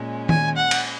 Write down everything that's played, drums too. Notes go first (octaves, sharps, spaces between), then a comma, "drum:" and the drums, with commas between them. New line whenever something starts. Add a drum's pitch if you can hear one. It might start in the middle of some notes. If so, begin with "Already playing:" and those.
Already playing: A#2 G#3 C#4
G#5, drum: tom D#3
F#5
drum: cymbal